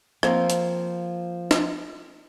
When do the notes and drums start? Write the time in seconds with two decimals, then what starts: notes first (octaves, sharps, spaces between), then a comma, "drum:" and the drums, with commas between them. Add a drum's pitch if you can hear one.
0.23 F3 A#3 C4, drum: rim click
0.50 drum: hi-hat
1.51 drum: snare